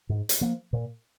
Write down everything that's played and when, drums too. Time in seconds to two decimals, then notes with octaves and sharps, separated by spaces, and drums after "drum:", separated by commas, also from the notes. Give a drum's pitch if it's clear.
0.09 G#2
0.29 drum: hi-hat
0.41 F3 A#3
0.73 A#2